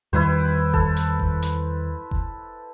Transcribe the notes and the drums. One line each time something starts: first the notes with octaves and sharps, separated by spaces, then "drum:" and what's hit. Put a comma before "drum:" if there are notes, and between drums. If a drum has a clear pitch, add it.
E2 D#3 G3 E4 B4 C5
A4, drum: kick F1
drum: hi-hat
drum: kick F1
drum: hi-hat
drum: kick F1